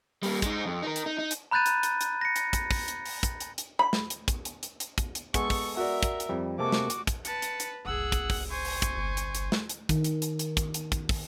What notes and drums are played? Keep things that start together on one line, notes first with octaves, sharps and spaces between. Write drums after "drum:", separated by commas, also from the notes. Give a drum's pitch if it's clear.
G3 A#3, drum: open hi-hat
G#3 D#4, drum: kick, hi-hat
F2
D#4 A#4
drum: hi-hat
D#4
D#4
drum: hi-hat
A#5 B5 F#6 G6 A6 D#7
drum: hi-hat
drum: hi-hat
drum: hi-hat
A#6 C#7
drum: hi-hat
drum: kick, hi-hat
drum: kick, open hi-hat
drum: hi-hat
drum: open hi-hat
drum: kick, hi-hat
drum: hi-hat
drum: hi-hat
B5
drum: snare
drum: hi-hat
drum: kick, hi-hat
drum: hi-hat
drum: hi-hat
drum: hi-hat
drum: kick, hi-hat
drum: hi-hat
G#3 B3 G#4 A4 C#6, drum: kick, hi-hat
drum: kick, open hi-hat
F#4 A#4 D5 E5
drum: kick, hi-hat
drum: hi-hat
F2 G3
C3 G#3 A#3 F#4 A4 D6
drum: snare
drum: hi-hat
drum: kick, hi-hat
B4 A5 C#7, drum: hi-hat
drum: hi-hat
drum: hi-hat
F#1 C2 G#4 F#5 E6
drum: kick, hi-hat
drum: kick, open hi-hat
C5 G#5 C#6
drum: open hi-hat
drum: kick, hi-hat
G1
drum: hi-hat
drum: hi-hat
drum: snare
drum: hi-hat
D#3, drum: kick, hi-hat
drum: hi-hat
drum: hi-hat
drum: hi-hat
drum: kick, hi-hat
drum: hi-hat
drum: kick, hi-hat
drum: kick, open hi-hat